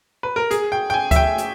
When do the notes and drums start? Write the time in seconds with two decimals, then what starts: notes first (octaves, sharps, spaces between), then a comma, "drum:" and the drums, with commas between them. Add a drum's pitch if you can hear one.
0.23 B4
0.36 A#4
0.51 G#4, drum: hi-hat
0.72 G5
0.90 G5
0.94 G#5
1.11 E5, drum: kick D2, hi-hat
1.16 G5
1.38 drum: hi-hat